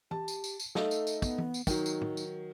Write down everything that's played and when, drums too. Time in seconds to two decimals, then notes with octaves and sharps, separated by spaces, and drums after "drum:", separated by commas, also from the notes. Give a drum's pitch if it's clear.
0.11 G4 A5, drum: tom
0.28 drum: tambourine
0.44 drum: tambourine
0.59 drum: tambourine
0.75 A3 D#4 A4 F5, drum: snare
0.91 drum: tambourine
1.07 drum: tambourine
1.22 B3, drum: kick, tambourine
1.38 drum: tom
1.54 drum: tambourine
1.67 D#3 F#3 D#4, drum: kick, tambourine
1.86 drum: tambourine
2.01 drum: tom
2.17 drum: tambourine